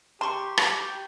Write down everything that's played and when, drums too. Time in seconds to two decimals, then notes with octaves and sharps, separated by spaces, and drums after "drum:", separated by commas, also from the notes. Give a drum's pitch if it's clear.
0.21 G4 A#5 C6 C#6
0.58 drum: rim click